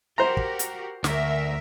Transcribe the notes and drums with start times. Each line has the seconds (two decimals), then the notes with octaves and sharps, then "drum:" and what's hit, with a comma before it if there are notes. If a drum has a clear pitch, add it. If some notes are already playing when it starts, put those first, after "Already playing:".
0.18 F#4 G4 A#4 C5 A#5
0.37 drum: kick
0.59 drum: hi-hat
1.04 D2 A#4 E5, drum: snare